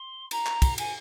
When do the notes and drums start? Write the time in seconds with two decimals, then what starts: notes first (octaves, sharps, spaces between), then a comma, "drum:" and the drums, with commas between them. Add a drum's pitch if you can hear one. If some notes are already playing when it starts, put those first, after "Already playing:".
Already playing: C6
0.31 A#5, drum: cymbal
0.46 drum: clap
0.62 drum: kick, cymbal
0.78 G#5, drum: cymbal